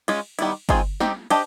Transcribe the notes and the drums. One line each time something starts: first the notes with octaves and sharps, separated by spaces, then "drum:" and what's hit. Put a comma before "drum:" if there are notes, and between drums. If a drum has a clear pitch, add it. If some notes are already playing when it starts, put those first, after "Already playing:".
G#3 C#4 F4, drum: cymbal
D#3 G3 B3 E4, drum: cymbal
D#3 G#3 C4 F4 G#4, drum: kick, cymbal
C4 D#4 G4, drum: snare
D4 G4 C5 D#5, drum: cymbal